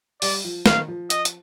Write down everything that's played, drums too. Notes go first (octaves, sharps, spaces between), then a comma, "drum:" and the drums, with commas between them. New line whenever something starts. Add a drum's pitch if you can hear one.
G3 D5, drum: open hi-hat
F3
D#3 F5, drum: snare
F3
D#5, drum: hi-hat
drum: hi-hat